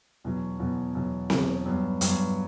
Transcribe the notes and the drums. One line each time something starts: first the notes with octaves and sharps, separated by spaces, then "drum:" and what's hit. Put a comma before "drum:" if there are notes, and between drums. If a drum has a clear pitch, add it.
E2 B2 F#3
E2 B2 F#3
E2 B2 F#3
E2 B2 F#3, drum: snare C4
G2 F#3 B3
G2 F#3 B3, drum: hi-hat